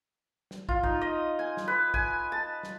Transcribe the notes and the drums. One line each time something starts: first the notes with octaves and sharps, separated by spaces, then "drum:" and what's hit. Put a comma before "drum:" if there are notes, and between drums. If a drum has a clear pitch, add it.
drum: snare
F4, drum: kick
D#4, drum: kick
D#5
G#5
drum: snare
B4
G#5, drum: kick
A5
drum: snare